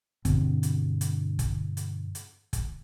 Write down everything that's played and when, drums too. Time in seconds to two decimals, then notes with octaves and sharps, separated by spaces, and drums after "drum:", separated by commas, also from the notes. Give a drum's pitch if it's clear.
0.25 G2 B2 D3 C4, drum: kick, hi-hat
0.63 drum: hi-hat
1.01 drum: hi-hat
1.39 drum: kick, hi-hat
1.77 drum: hi-hat
2.15 drum: hi-hat
2.53 drum: kick, hi-hat